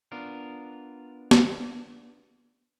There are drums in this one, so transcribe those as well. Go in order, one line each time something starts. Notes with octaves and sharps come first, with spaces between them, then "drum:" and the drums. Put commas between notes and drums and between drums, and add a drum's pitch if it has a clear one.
B3 D4 F4 A#4
drum: snare